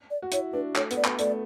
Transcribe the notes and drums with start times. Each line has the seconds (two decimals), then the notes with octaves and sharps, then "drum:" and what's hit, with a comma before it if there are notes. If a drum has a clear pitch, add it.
0.11 D5
0.22 F#4
0.32 E4 C#5, drum: hi-hat
0.53 D4 B4
0.76 A3 C#5, drum: clap
0.91 B3, drum: hi-hat
0.97 D5
1.05 B3, drum: clap
1.19 A3 D5, drum: hi-hat